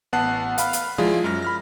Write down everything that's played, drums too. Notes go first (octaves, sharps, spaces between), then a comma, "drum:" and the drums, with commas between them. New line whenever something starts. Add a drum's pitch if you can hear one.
A1 B3 F#5 A5 F#6 C7
F5 B5 F6, drum: hi-hat
drum: hi-hat
F3 G#3 E4 F4 G#4 D5
F#2 F6 A#6
B5 F6 A#6